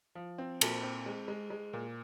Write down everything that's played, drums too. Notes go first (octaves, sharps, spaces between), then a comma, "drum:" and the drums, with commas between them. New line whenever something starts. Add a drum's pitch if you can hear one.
F3
C4
A#2, drum: cymbal
C4
G#3
G#3
G#3
A#2